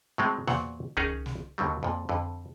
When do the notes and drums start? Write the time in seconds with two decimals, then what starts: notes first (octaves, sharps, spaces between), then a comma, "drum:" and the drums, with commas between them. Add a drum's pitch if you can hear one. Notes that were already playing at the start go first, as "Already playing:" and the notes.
0.18 A2 F#3 G#3 C4
0.47 E2 A#2 F#3 C5 F#5, drum: snare
0.97 D#3 C#4 D#4 G#4 A#4 C#5, drum: kick
1.26 drum: snare
1.58 D#2 D3 F#3 G3
1.83 F2 A#2
2.09 F2 D3